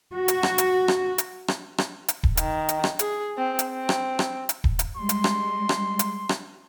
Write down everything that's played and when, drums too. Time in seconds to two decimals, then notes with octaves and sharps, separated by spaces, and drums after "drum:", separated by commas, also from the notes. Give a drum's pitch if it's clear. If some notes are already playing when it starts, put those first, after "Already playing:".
0.13 F#4
0.28 drum: hi-hat
0.43 drum: rim click
0.58 drum: hi-hat
0.88 drum: rim click
1.18 drum: hi-hat
1.48 drum: rim click
1.78 drum: rim click
2.08 drum: hi-hat
2.23 drum: kick D#1
2.37 D#3, drum: hi-hat
2.69 drum: hi-hat
2.84 drum: rim click
2.99 G#4, drum: hi-hat
3.37 C4
3.59 drum: hi-hat
3.70 C4
3.89 drum: rim click
4.19 drum: rim click
4.49 drum: hi-hat
4.64 drum: kick D#1
4.79 drum: hi-hat
4.97 G3 G#3 C6
5.09 drum: hi-hat
5.24 drum: rim click
5.69 drum: rim click
5.99 drum: hi-hat
6.29 drum: rim click